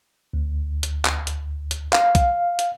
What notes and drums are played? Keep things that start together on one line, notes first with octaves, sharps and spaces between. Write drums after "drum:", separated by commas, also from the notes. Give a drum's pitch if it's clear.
D2
drum: hi-hat
drum: clap
drum: hi-hat
drum: hi-hat
F5, drum: clap
drum: kick B1, hi-hat
drum: hi-hat